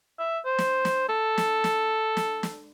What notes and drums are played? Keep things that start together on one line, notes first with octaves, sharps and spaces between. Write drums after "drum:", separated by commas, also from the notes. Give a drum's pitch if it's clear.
E5
C5
drum: snare
drum: snare
A4
drum: snare
drum: snare
drum: snare
drum: snare